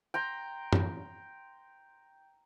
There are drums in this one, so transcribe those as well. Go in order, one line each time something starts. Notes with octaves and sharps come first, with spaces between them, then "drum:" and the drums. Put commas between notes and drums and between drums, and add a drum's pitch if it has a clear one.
G5 A#5 C6
drum: tom F#2